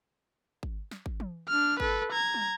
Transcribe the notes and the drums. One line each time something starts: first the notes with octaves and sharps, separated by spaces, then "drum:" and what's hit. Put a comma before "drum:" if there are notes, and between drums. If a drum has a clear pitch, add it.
drum: kick G#1
drum: snare
drum: kick G#1
drum: tom
D4 F6
A4 B4, drum: kick G#1
A#5 G#6
drum: tom